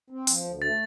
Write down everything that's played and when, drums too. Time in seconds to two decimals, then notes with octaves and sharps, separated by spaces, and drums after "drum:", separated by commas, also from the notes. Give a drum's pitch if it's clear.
0.10 C4
0.27 F3, drum: open hi-hat
0.44 D2
0.62 A3 A6